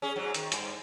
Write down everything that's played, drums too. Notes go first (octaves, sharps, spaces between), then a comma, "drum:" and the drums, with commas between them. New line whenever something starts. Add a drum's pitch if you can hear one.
C#4 G#4
G#2 F#3
D#3, drum: hi-hat
G2, drum: hi-hat